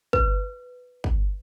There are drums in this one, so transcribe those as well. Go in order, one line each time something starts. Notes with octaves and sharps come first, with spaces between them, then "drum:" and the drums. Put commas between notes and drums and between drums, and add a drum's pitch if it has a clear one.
B4, drum: kick
drum: kick